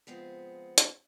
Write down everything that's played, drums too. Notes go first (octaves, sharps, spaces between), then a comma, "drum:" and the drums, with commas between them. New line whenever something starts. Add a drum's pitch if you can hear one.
C#3 F3 G#3 B3 C4
drum: hi-hat